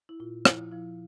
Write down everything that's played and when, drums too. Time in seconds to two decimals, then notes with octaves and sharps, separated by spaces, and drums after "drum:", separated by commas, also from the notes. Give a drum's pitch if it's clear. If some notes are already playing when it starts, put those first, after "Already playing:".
0.09 E4
0.20 A#2 F4
0.45 F3 E4, drum: rim click
0.72 F3 E4